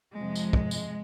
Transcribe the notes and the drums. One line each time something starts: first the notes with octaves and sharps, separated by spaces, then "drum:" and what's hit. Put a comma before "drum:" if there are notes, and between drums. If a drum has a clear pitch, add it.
F2 C3 F3 G#3
drum: tambourine
drum: kick
drum: tambourine